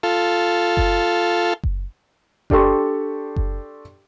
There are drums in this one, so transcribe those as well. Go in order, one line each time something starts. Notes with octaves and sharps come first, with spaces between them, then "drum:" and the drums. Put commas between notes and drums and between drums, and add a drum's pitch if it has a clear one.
F4 A4
drum: kick F#1
drum: kick F#1
D4 G4 A4 C6 C#6, drum: kick F#1
drum: kick F#1